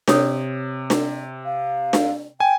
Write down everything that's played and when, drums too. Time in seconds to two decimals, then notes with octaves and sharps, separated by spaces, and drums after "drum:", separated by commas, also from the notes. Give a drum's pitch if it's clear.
0.08 C3 C#5 D#6, drum: snare D4
0.90 drum: snare D4
1.45 F5
1.93 drum: snare D4
2.40 G5 G#5